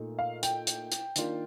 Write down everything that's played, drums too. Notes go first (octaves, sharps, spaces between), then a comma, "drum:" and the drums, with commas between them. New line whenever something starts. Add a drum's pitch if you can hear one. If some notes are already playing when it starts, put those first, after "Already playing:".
Already playing: A#2 A3 D#4
F5
G5, drum: hi-hat
drum: hi-hat
drum: hi-hat
D#3 A#3 D4 F4, drum: hi-hat